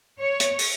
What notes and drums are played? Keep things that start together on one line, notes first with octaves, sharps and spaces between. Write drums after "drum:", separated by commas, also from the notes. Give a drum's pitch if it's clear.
C#5
drum: hi-hat
drum: open hi-hat